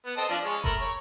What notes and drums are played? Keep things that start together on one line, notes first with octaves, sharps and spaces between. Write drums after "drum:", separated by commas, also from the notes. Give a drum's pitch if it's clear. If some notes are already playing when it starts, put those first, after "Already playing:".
B3
C4 A4 D#5
F3 D4
G#3 C#4
A3 A#4 B5, drum: kick F1
C#5